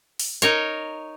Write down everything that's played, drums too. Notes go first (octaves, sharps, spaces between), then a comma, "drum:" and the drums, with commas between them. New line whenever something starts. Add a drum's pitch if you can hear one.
drum: open hi-hat
D#4 A#4 C#5, drum: hi-hat